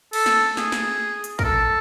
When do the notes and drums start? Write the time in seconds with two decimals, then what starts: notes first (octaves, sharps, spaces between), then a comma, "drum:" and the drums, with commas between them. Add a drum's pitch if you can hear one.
0.13 A4, drum: cymbal
0.26 drum: snare
0.57 G#4, drum: snare
0.72 drum: snare
1.24 drum: hi-hat
1.39 A#4, drum: kick
1.44 A4